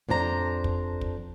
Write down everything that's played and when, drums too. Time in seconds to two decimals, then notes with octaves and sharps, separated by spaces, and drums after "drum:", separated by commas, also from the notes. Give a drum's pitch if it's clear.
0.09 F2 D4 C5 A#5
0.64 drum: kick
1.01 drum: kick